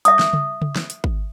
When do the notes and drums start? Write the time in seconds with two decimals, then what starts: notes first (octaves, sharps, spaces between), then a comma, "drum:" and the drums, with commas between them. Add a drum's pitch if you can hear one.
0.05 E5 D#6, drum: hi-hat
0.19 drum: snare
0.33 drum: tom C#3
0.62 drum: tom C#3
0.76 drum: snare
0.90 drum: hi-hat
1.04 drum: kick G#1